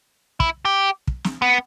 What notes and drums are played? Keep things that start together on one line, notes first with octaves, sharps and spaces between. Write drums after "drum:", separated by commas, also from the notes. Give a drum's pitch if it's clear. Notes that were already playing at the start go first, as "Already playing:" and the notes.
E4, drum: kick
G4
drum: kick
drum: snare
B3